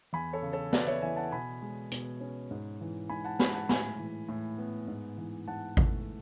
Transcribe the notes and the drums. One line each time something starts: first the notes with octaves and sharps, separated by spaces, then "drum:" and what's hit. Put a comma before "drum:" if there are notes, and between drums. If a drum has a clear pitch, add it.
E2 G#5 B5
A4 C#5
C#3
A4 C#5
B3 B4 D5, drum: snare
C#5 E5
E3 E5 G#5
F#5 A5
B2 G#5 B5
G#3
B2, drum: hi-hat
C#4
G#2
E3
G#2 G#5 B5
F#5 A5
G#3 G#5 B5, drum: snare
F#5 A5
A2 G#5 B5, drum: snare
E3
A2
B3
G#2
E3
G#2 F#5 A5
A3, drum: kick G#1